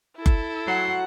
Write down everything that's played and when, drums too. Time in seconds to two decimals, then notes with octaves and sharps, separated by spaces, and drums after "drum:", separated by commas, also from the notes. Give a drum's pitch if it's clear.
0.16 E4 A4
0.26 drum: kick F#1
0.68 F#3 F#5 C6